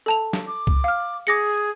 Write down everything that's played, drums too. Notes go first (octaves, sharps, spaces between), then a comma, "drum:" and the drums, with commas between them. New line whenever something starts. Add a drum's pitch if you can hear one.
A4 A5 F7
drum: snare
D6
drum: kick C2
F5 F6
G#4 D6 A#6 C#7